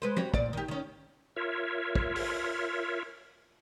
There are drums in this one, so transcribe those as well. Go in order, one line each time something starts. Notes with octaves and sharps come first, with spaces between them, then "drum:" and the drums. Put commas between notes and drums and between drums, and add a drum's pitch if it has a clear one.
G#3 B4 C5
F#4 G4 C#5, drum: tom
A#2 D5, drum: kick
D#3 G4
D#3 C#4
F4 A#4 C#5 E5
drum: kick
drum: open hi-hat